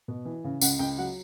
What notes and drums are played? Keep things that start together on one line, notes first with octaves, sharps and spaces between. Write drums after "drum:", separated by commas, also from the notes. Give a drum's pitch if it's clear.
B2
E3
C#3
C#2 F#5, drum: tambourine
C#2 G5
F#3 F#5